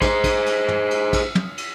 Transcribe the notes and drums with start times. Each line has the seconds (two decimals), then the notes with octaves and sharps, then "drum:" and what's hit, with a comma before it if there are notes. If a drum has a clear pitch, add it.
0.02 G#4 C5, drum: kick, cymbal
0.24 drum: kick, cymbal
0.46 drum: cymbal
0.68 drum: tom
0.91 drum: cymbal
1.13 drum: kick, cymbal
1.35 drum: tom
1.58 drum: cymbal